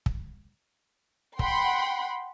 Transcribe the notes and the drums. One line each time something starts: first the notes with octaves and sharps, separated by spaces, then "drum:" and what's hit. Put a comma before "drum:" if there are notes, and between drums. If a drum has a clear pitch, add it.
drum: kick
F#5 G5 B5 C6, drum: kick